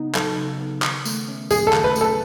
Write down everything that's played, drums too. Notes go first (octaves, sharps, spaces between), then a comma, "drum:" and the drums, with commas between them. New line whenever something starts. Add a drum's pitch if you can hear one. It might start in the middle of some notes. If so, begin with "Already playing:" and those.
Already playing: C#3 B3 D#4
F#3 A4, drum: clap
C#3
B3
D#3, drum: clap
A3, drum: tambourine
C#4
F#3 G#4, drum: tambourine
A4
D#3, drum: clap
B4
A3, drum: tambourine
A4